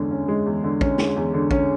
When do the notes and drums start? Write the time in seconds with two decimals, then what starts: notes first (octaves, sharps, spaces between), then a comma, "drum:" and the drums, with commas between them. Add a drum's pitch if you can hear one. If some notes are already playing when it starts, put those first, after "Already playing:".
Already playing: E2 D3 G#3 C#4
0.11 C#4
0.28 G#3
0.46 E2
0.64 D3
0.81 C#4, drum: kick
0.98 G#3, drum: snare
1.16 E2
1.34 D3
1.51 C#4, drum: kick